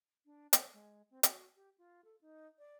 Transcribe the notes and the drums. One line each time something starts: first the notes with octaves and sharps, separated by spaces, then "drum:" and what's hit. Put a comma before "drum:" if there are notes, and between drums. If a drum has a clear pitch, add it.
D4
C5, drum: hi-hat
G#3
C4
F#4, drum: hi-hat
G4
F4
A4
D#4
D5